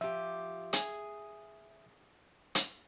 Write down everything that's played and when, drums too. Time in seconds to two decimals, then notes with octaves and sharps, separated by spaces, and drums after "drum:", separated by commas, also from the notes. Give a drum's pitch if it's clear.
0.01 F3 G4 E5
0.73 G#4 G#5, drum: hi-hat
2.55 drum: hi-hat